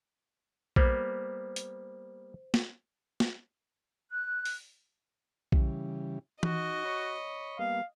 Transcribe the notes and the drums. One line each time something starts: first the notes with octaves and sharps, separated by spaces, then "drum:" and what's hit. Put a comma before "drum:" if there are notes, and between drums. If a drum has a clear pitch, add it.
G3 A#3 B3 C5, drum: kick A#1
drum: hi-hat
drum: snare
drum: snare
F#6
drum: open hi-hat
C#3 E3 G3, drum: kick A#1
D#4 F#4 D#5, drum: tom E3
C#5 B5 C#6
G3 A#3 B3 F5